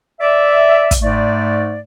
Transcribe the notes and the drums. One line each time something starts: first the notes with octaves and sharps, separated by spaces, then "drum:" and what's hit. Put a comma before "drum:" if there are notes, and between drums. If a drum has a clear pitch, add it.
D5 E5
drum: kick, hi-hat
G#2 A3 D5